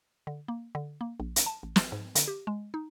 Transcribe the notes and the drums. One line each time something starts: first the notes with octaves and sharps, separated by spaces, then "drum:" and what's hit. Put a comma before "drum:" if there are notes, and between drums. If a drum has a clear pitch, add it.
D3
A#3
D3
A#3
A#1
drum: hi-hat
A5
A1
drum: snare
G#2
D3, drum: hi-hat
G4
G#3
D#4